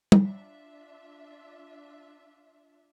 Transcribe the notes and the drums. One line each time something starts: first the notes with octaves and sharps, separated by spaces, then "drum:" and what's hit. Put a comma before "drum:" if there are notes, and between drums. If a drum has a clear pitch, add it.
drum: tom
D4 F4 E5